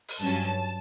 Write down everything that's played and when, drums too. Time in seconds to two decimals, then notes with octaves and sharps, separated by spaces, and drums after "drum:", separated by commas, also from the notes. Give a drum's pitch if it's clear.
0.08 drum: open hi-hat
0.20 G2 F#3 C#4 A5